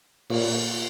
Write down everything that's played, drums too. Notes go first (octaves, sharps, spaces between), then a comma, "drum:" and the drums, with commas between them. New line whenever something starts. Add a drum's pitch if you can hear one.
A#2, drum: cymbal